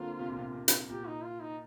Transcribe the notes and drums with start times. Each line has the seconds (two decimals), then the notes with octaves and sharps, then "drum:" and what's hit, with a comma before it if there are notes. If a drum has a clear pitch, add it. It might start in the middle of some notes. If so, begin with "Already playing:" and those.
Already playing: D3 A#3 C4 F4
0.19 C3
0.29 A#2
0.36 C3
0.54 C3
0.68 drum: hi-hat
0.89 A#2 G4
1.07 D#4
1.24 F4
1.42 D#4